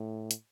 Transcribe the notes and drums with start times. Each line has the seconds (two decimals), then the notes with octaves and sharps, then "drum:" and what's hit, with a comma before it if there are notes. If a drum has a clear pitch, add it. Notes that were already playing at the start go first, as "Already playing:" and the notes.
Already playing: A2
0.31 drum: hi-hat